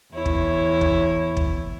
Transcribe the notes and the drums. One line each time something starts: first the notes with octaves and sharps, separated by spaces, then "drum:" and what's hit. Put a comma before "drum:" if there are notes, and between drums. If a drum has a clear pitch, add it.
E2 E4 C#5
drum: kick
drum: kick
drum: kick